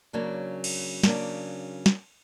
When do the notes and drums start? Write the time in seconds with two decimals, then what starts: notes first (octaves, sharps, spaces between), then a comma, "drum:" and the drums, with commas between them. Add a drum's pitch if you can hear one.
0.13 C#3 F#3 A#3 D4
0.64 drum: cymbal
1.03 C#3 F#3 A#3 D4, drum: snare
1.86 drum: snare